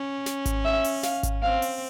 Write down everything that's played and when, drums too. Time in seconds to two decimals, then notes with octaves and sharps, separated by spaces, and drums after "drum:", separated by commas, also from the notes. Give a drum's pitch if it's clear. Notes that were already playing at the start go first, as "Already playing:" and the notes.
Already playing: C#4
0.26 drum: snare
0.46 drum: kick G#1, hi-hat
0.65 E5
0.84 drum: open hi-hat
1.03 F5, drum: snare
1.23 drum: kick G#1, hi-hat
1.43 C4 F5
1.62 drum: open hi-hat